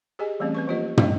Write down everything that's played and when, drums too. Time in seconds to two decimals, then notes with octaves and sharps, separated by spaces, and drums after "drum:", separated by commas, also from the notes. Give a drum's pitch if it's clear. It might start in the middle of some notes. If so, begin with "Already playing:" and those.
0.19 G4 G#4 D#5 G#5
0.40 E3 G3 A3 C4 C#4
0.55 C4 B4 C#6
0.67 F3 A#3 F4 G4 D#5
0.97 G3 A3 B3 E4 D#5, drum: tom